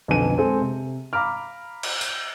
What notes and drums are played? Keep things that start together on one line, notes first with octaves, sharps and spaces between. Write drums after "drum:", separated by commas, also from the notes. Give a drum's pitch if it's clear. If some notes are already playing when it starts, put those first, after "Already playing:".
B1 F2 D3 B3 G#5 D#7
G#3 C4 A4 G#5
C3
F5 A#5 B5 D6 F6
drum: cymbal
drum: tambourine